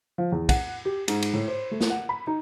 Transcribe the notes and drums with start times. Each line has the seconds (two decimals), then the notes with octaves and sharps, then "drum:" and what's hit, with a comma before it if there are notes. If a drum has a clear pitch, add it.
0.18 F3
0.32 E2
0.49 F#5, drum: kick, cymbal
0.85 G4
1.08 G#2, drum: cymbal
1.22 drum: cymbal
1.33 A2
1.48 C5
1.71 A3
1.80 drum: snare
1.90 F#5
2.09 B5
2.27 D#4